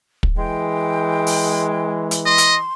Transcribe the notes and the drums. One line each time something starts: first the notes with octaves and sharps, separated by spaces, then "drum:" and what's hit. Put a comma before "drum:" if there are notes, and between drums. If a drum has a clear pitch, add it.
drum: kick
E3 G#3 G5
drum: open hi-hat
drum: hi-hat
D#5 C6
drum: hi-hat